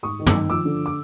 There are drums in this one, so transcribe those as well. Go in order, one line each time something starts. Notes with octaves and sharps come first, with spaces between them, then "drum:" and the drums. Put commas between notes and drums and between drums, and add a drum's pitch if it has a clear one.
G#2 C#6 D#6
D#3
D6 E6, drum: tom
D#3
F3 D6 E6
D3
D6